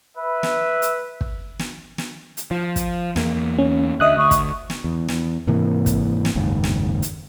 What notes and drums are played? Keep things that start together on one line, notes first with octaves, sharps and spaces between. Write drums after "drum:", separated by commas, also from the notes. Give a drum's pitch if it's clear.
B4 E5
drum: snare
drum: hi-hat
drum: kick
drum: snare
drum: snare
drum: hi-hat
F3
drum: kick, hi-hat
E2 A#3, drum: snare
C#4
D2 D#5 E5 D#6 F#6
D2 C#6
drum: kick, hi-hat
drum: snare
E2
drum: snare
G#2 C3 E3 A#3
drum: kick, hi-hat
drum: snare
F#1 D#2 G#2
drum: snare
drum: hi-hat